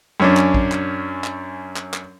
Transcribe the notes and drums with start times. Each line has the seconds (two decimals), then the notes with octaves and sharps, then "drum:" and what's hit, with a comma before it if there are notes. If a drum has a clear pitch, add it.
0.20 F#2 C#4 D4
0.37 drum: clap
0.54 drum: kick
0.72 drum: clap
1.24 drum: clap
1.76 drum: clap
1.94 drum: clap